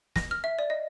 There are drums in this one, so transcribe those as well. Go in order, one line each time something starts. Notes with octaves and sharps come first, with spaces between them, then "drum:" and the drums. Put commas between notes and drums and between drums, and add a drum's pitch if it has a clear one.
A#6, drum: snare
F6
E5
D5
D#5